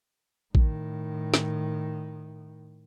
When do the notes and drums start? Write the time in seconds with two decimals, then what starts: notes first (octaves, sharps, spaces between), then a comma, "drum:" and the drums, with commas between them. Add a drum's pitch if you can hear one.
0.55 A2 D#3, drum: kick A1
1.34 drum: snare